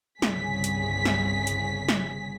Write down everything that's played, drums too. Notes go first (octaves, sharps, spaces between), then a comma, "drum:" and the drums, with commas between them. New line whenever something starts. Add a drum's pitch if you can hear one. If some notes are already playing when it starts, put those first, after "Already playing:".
G1 C2 C#3 G#4 B6, drum: snare
drum: hi-hat
drum: snare
drum: hi-hat
drum: snare